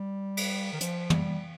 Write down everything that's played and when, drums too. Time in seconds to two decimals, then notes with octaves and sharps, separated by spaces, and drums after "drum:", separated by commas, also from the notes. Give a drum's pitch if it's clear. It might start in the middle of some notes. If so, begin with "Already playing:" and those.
Already playing: G3
0.37 drum: cymbal
0.73 D#3
0.81 F3, drum: hi-hat
1.10 G3, drum: tom